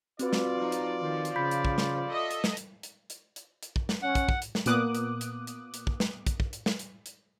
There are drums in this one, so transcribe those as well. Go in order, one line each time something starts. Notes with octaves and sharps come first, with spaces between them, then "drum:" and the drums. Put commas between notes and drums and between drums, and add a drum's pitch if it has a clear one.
C4 F4 F#4 B4 D5, drum: hi-hat
drum: snare
F3 D#4
drum: hi-hat
D#3 F3
drum: hi-hat
C#3 B5 G6 B6
drum: hi-hat
drum: kick
drum: snare
A4 D#5 E5
drum: hi-hat
drum: snare
drum: hi-hat
drum: hi-hat
drum: hi-hat
drum: hi-hat
drum: hi-hat
drum: kick
drum: snare
C#4 F#5
drum: kick, hi-hat
drum: kick
drum: hi-hat
drum: snare
A#2 A#3 B3 D6 D#6 F#6, drum: hi-hat
drum: hi-hat
drum: hi-hat
drum: hi-hat
drum: hi-hat
drum: kick
drum: snare
drum: kick, hi-hat
drum: kick
drum: hi-hat
drum: snare
drum: hi-hat
drum: hi-hat